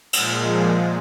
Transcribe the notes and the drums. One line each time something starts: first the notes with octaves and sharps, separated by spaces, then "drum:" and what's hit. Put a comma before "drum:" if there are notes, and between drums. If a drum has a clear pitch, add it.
A#2 F3 G#3, drum: cymbal